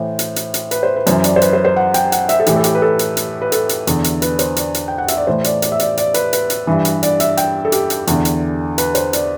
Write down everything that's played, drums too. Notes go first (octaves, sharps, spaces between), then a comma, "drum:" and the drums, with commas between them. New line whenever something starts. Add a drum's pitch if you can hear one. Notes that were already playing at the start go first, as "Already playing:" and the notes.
Already playing: A2 E3 C5
drum: hi-hat
drum: hi-hat
drum: hi-hat
B4, drum: hi-hat
C5
B4
F#2 E3 C5, drum: hi-hat
D5, drum: hi-hat
C5
B4, drum: hi-hat
C5
C5
F#5
G5, drum: hi-hat
F#5, drum: hi-hat
E5, drum: hi-hat
A4
A2 E3 G4, drum: hi-hat
A4
G4, drum: hi-hat
B4
A4
drum: hi-hat
drum: hi-hat
B4
A4, drum: hi-hat
drum: hi-hat
E2 D3, drum: hi-hat
drum: hi-hat
B4, drum: hi-hat
C5, drum: hi-hat
D5, drum: hi-hat
drum: hi-hat
G5
F#5
E5, drum: hi-hat
D5
A2 E3 C5
D5, drum: hi-hat
D5, drum: hi-hat
E5
D5, drum: hi-hat
D5, drum: hi-hat
B4, drum: hi-hat
B4, drum: hi-hat
drum: hi-hat
G2 E3
drum: hi-hat
D5, drum: hi-hat
E5, drum: hi-hat
G5, drum: hi-hat
A4
G4, drum: hi-hat
drum: hi-hat
E2 D3, drum: hi-hat
drum: hi-hat
B4, drum: hi-hat
C5, drum: hi-hat
D5, drum: hi-hat